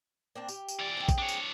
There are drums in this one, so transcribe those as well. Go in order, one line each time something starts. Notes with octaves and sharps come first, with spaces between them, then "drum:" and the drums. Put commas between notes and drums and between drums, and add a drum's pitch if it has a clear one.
A#3 C4 D4
G4, drum: tambourine
drum: tambourine
E3 D5
C4 G#4
drum: kick, tambourine
D4 C#5
drum: tambourine